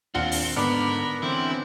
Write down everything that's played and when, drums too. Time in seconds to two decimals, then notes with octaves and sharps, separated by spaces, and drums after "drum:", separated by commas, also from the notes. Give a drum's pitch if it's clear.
0.15 D#2 A#2 C4 D4 F4 F#5
0.32 drum: open hi-hat
0.56 G#2 D3 B3 D4 A#4 B5 D6
1.22 D3 E3 C4 C#4 E4